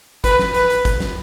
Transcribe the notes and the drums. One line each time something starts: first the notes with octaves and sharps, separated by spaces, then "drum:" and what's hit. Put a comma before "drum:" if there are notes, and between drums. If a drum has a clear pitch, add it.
B4, drum: kick, hi-hat
drum: snare
B4, drum: hi-hat
drum: hi-hat
drum: kick, hi-hat
drum: snare